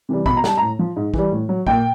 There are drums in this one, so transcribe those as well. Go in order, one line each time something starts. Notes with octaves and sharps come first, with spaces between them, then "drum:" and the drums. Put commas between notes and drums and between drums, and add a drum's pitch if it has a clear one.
C3 E3 G3
B2 B5, drum: kick
A#5
G3 A5, drum: snare
A2 A#5
F3
G#2
E3 G3, drum: kick
A2
F#3
A#2 G5, drum: kick